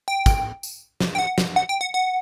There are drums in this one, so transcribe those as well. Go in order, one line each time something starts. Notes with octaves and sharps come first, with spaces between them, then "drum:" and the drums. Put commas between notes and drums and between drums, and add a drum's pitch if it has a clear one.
G5
drum: kick, tambourine
drum: tambourine
drum: snare
G5
F#5
drum: snare
F#5
G5
F#5
F#5